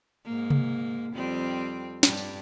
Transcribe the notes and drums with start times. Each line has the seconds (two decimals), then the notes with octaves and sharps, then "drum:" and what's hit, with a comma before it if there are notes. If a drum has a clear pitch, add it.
0.25 G#2 A#3
0.50 drum: tom C3
1.13 F2 G3 C4
2.03 G2 G3, drum: snare
2.17 drum: tambourine